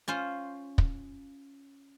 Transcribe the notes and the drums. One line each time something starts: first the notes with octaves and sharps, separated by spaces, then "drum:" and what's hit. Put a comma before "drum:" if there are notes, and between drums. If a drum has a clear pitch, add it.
C#4 F4 C5
drum: kick